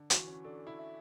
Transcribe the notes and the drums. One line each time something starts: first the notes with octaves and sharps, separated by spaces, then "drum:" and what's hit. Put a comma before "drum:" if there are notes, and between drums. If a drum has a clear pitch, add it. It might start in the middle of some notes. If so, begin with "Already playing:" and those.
Already playing: D3
E3 F#4, drum: hi-hat
C#4
D4 A4
E4
E5